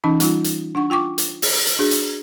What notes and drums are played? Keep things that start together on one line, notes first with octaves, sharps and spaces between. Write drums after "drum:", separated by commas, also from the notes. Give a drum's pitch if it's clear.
E3 C#4 D#4 A5
G3 D#4 F4, drum: hi-hat
drum: hi-hat
D4 F#5 C#6
F4 G5 C#6 D6
drum: hi-hat
drum: open hi-hat
drum: hi-hat
D4 F#4 G#4
drum: hi-hat